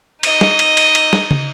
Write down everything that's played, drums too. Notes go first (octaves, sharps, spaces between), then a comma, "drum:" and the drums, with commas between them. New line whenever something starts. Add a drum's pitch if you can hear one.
D#4 D#5, drum: cymbal
drum: snare
drum: cymbal
drum: cymbal
drum: cymbal
drum: snare
drum: tom